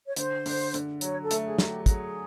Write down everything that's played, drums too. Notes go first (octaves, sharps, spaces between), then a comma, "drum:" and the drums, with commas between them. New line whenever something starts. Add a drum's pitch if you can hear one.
C#5
D3 C5, drum: hi-hat
D3, drum: open hi-hat
D3, drum: hi-hat
F#3 C#5, drum: hi-hat
A4
A3, drum: hi-hat
G#4
F#3, drum: snare
G4
F#3 G#4, drum: kick, hi-hat